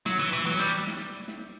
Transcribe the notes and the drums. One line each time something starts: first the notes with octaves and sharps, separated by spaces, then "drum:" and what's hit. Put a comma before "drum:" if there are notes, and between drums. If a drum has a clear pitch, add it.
F#3, drum: snare
E3
E3
F#3, drum: snare
G3
drum: snare
drum: snare